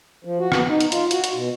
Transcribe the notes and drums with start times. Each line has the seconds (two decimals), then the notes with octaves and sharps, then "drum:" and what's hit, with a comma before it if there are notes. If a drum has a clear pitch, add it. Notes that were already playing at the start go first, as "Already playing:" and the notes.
0.25 F3
0.40 F#4
0.52 B3, drum: rim click
0.69 D#4
0.80 drum: hi-hat
0.92 F4, drum: hi-hat
1.11 F#4, drum: hi-hat
1.24 drum: hi-hat
1.34 B2